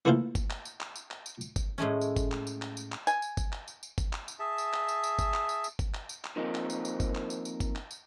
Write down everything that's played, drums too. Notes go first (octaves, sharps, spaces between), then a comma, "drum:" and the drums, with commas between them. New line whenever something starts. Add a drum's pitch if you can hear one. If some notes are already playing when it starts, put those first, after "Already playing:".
E3 A3 A#3 E4 F4 C5
drum: kick, tambourine
drum: clap
drum: tambourine
drum: clap
drum: tambourine
drum: clap
drum: tambourine
drum: tambourine
drum: kick, tambourine
A2 G#3 A3 C#4
drum: tambourine
drum: kick, tambourine
drum: clap
drum: tambourine
drum: clap
drum: tambourine
drum: clap
G#5, drum: tambourine
drum: tambourine
drum: kick, tambourine
drum: clap
drum: tambourine
drum: tambourine
drum: kick, tambourine
drum: clap
drum: tambourine
G#4 E5 A5
drum: tambourine
drum: clap
drum: tambourine
drum: tambourine
drum: kick, tambourine
drum: clap
drum: tambourine
drum: tambourine
drum: kick, tambourine
drum: clap
drum: tambourine
drum: clap
D#3 F3 A#3 C4 D#4
drum: clap
drum: tambourine
drum: tambourine
drum: kick, tambourine
drum: clap
drum: tambourine
drum: tambourine
drum: kick, tambourine
drum: clap
drum: tambourine